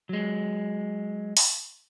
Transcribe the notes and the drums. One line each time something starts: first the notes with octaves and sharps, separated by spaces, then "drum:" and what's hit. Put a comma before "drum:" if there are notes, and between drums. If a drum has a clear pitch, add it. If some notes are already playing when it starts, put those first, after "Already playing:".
F#3 G#3
drum: open hi-hat